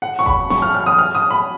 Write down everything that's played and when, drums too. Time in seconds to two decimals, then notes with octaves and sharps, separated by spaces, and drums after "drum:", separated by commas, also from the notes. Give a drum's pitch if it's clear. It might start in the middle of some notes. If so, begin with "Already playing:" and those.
0.02 F#5
0.19 C#6
0.26 B5, drum: kick F#1
0.50 C#6, drum: snare
0.62 F6
0.74 F6
0.86 D#6
0.99 F6
1.15 D#6
1.30 B5